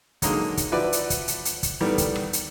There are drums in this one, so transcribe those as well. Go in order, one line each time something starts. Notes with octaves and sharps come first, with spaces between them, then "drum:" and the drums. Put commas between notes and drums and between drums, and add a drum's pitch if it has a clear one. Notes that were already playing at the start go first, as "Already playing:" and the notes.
D3 F#3 G#3 A#3 D#4, drum: kick, hi-hat
drum: kick, hi-hat
F3 E4 F#4 B4 D5
drum: hi-hat
drum: kick, hi-hat
drum: hi-hat
drum: hi-hat
drum: kick, hi-hat
D#3 E3 G3 A3 B3
drum: kick, hi-hat
drum: rim click
drum: hi-hat